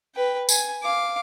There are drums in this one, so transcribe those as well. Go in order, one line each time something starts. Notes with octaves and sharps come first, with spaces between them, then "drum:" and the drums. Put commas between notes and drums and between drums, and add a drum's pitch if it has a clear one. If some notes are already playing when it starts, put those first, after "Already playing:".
B4 G5
G#5, drum: tambourine
F5 D6